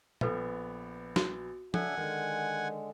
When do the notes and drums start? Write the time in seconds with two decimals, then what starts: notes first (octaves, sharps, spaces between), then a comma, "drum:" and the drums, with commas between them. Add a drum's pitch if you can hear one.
0.21 A#1 B3 A4 B4 F5, drum: tom
1.16 F#4, drum: snare
1.74 C#3 D4 A4 E5 F#5 G#5, drum: tom F3
1.97 D3 D#3 G#3